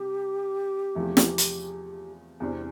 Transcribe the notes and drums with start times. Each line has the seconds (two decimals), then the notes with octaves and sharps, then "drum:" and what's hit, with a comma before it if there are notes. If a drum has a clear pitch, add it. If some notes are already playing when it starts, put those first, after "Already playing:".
Already playing: C3 G3 G4
0.95 E2 C3 F3 A3 E4
1.17 drum: snare
1.38 drum: hi-hat
2.40 E2 C3 E3 G3 C4 D4